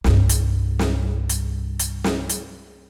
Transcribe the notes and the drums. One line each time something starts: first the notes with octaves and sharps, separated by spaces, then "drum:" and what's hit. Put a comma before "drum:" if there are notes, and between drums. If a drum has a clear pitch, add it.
C2 G2, drum: snare
drum: hi-hat
drum: snare
drum: hi-hat
drum: hi-hat
drum: snare
drum: hi-hat